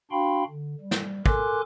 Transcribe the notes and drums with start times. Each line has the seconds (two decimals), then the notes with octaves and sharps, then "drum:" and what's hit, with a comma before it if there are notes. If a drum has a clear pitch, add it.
0.11 D4 F#4 F5 G5 B5 C6
0.48 D3
0.81 G3
0.91 drum: snare
1.26 A4 A#4 G#5 C6 D6 F#6, drum: kick